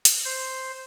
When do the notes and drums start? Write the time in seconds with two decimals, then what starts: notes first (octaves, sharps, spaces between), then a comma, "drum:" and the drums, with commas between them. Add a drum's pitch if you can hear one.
0.05 drum: hi-hat
0.25 C5